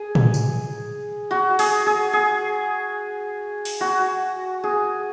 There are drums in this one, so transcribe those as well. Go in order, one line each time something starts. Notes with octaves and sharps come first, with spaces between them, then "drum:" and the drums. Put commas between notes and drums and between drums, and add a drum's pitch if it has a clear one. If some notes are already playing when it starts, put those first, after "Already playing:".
Already playing: G#4
drum: tom
drum: tambourine
F#4
G#4, drum: open hi-hat
G#4
G#4
drum: open hi-hat
F#4
G#4